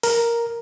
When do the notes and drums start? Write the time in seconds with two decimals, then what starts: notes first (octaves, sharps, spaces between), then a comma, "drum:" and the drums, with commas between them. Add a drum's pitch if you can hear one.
0.03 A#4, drum: open hi-hat